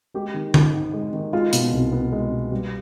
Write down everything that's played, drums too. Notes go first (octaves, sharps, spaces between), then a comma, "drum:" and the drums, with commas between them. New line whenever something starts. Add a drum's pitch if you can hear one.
G#3 G4
D#3
G#2, drum: tom D3
G#2
G#3
D#3
G#3 F4
B2, drum: hi-hat
C2
B3
G#3
B2
G3